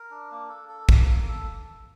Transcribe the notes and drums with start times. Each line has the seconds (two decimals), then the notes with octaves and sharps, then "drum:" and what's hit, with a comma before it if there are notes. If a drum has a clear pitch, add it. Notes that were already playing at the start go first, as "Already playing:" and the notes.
Already playing: A#4
0.11 D4
0.31 A#3
0.50 A4
0.69 A4
0.89 A#3, drum: kick
1.08 A#3
1.28 A4